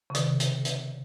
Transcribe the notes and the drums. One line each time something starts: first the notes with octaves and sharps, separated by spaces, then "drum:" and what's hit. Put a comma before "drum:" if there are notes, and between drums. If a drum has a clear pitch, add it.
C#3
C3 D#3, drum: hi-hat
drum: hi-hat
drum: hi-hat